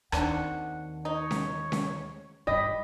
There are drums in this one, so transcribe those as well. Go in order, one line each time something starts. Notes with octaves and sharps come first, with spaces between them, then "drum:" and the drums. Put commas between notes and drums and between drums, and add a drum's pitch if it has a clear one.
D#2 C4 D4 F#4 F#5, drum: rim click
D#4 C#5
drum: snare C#4
drum: snare C#4
G2 E3 G4 D#5 B5